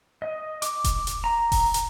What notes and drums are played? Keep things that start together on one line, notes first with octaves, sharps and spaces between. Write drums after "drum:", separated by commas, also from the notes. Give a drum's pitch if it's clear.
D#5
D6, drum: hi-hat
drum: kick E1, hi-hat
drum: hi-hat
A#5
drum: kick E1, open hi-hat
drum: hi-hat